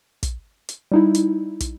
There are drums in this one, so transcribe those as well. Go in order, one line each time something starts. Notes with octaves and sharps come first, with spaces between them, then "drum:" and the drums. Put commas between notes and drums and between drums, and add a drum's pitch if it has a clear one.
drum: kick, hi-hat
drum: hi-hat
G3 D#4 E4
drum: hi-hat
drum: kick, hi-hat